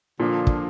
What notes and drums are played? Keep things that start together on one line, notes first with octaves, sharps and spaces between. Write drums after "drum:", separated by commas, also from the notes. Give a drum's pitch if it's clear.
A#2 D3 F3 D4 F4
drum: kick